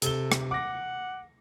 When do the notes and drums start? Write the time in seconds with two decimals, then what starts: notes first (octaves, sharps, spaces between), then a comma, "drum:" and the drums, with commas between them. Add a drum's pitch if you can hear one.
0.02 C3 A4 G7, drum: hi-hat
0.32 drum: rim click
0.51 F#5 D6 A#6